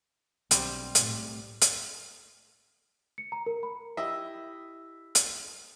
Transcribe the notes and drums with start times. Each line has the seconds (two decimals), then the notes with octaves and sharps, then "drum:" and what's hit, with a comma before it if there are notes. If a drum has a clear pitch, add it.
0.51 B1 G3 C4, drum: hi-hat
0.95 A2, drum: hi-hat
1.61 drum: hi-hat
3.18 C#7
3.32 A#5
3.46 A#4
3.63 B5
3.97 E4 G4 D#5 E5
5.15 drum: hi-hat